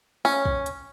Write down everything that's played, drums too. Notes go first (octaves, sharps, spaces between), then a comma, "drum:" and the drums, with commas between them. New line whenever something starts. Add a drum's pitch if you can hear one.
C#4, drum: open hi-hat
drum: kick
drum: hi-hat